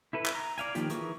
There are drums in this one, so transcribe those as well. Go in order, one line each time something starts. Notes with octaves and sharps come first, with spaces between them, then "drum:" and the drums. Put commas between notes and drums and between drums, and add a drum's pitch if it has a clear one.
E4 A4 B4
drum: clap
A#5
D5 F5 G#5, drum: hi-hat
D#3 F3 A#3 F4 G4, drum: hi-hat
E3 G#4 A#4 C#6, drum: hi-hat